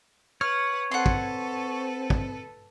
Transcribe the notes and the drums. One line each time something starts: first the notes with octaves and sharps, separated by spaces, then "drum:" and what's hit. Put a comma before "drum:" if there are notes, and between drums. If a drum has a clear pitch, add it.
B4 C#5 F#5 F6
C4 A4 B4 F#5 C6
drum: kick
drum: kick